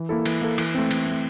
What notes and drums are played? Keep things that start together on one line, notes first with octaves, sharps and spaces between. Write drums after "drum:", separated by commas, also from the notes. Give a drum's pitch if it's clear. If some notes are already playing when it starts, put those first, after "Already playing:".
Already playing: E3
A#3 E4 A4
E3, drum: cymbal
A#3 E4 A4
E3, drum: cymbal
A3 C4
E3, drum: cymbal
A3 C4